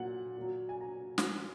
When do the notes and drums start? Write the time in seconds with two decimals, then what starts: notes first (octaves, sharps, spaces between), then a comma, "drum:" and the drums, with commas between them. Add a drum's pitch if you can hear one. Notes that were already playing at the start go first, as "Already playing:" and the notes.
Already playing: A#2 F#3 F#5
0.37 A#2 F#3
0.69 G#5
0.80 A#5
1.18 drum: snare